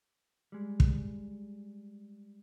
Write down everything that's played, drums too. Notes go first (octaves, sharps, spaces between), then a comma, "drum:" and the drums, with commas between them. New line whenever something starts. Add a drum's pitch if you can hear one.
G3 G#3
drum: kick